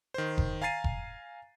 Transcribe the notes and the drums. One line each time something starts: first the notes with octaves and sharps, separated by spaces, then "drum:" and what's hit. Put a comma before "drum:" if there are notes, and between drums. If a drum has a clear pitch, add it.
D#3 C5
drum: kick F1
F5 G#5 A#5 A6 C7 D#7
drum: kick F1